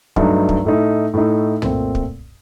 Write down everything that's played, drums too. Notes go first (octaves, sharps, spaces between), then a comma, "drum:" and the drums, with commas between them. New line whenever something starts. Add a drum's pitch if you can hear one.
G2 F#3 A3 D#4, drum: kick
drum: kick
A2 A3 D#4
A2 A3 D#4
A#2 A3 C4, drum: tom
drum: kick